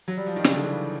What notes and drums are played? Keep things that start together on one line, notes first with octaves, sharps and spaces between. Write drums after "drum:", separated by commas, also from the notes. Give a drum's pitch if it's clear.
F#3
G3
F3
D#3
C#3, drum: snare
D3
E3